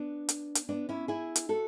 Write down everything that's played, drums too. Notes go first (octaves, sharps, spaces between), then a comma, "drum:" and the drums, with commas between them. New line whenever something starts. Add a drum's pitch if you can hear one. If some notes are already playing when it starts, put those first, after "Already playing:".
Already playing: B3 D4
drum: hi-hat
drum: hi-hat
B3 D4
C#4 E4
E4 G#4
drum: hi-hat
F#4 A4